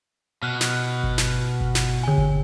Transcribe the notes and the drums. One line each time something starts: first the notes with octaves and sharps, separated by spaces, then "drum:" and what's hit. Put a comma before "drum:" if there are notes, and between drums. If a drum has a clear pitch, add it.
B2 F6 F#6
drum: snare
drum: kick G1
drum: snare
drum: kick G1
drum: snare
D3 G#5
drum: kick G1